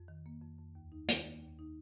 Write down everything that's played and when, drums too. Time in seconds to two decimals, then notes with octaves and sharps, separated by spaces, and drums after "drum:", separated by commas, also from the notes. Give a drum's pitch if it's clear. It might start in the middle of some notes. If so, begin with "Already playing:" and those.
Already playing: F2
0.08 D#3
0.26 A#3
0.42 F2
0.59 F2
0.75 D#2
0.92 D#4
1.08 D#3, drum: hi-hat
1.25 A#3
1.42 D#2
1.59 D#4